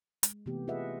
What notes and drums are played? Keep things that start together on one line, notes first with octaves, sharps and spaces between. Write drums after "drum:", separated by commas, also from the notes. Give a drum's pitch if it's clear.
G#3, drum: hi-hat
C3 E3 A3 B3 G4
F4 G#4 B4 D#5 E5 F#5